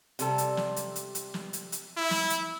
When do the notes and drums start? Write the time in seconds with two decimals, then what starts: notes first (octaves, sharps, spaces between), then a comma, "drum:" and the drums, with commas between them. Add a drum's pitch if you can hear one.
0.19 C3 G3 A4, drum: hi-hat
0.38 drum: hi-hat
0.57 drum: snare
0.76 drum: hi-hat
0.96 drum: hi-hat
1.15 drum: hi-hat
1.34 drum: snare
1.53 drum: hi-hat
1.72 drum: hi-hat
1.97 E4
2.11 drum: snare
2.30 drum: hi-hat